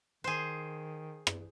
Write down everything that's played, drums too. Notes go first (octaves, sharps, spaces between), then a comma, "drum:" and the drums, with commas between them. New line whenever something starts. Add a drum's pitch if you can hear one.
D#3 G#4 C5
drum: rim click